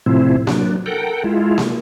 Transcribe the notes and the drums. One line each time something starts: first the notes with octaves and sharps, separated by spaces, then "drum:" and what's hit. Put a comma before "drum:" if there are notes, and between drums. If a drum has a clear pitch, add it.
A2 C3 F3 C4 E4
F#3 D4, drum: snare A#3
A4 A#4 F#5 G5
G#3 E4 F4
drum: snare A#3